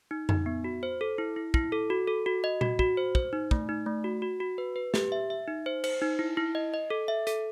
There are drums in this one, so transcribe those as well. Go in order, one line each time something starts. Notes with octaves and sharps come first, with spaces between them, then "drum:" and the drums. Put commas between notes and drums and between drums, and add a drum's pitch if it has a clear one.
D#4
D#4, drum: tom F2
B3
F#4
C5
A4
E4
E4
E4, drum: kick
A4
F#4
A4
F#4
D#5
F#4, drum: tom A#2
F#4, drum: kick
C5
C5, drum: kick
D#4
A3, drum: kick
D#4
A3
F#4
F#4
F#4
B4
B4
G4, drum: snare
E5
E5
D#4
C5
C5, drum: cymbal
D#4
E4
E4
D#5
D#5
A4
E5
A4, drum: hi-hat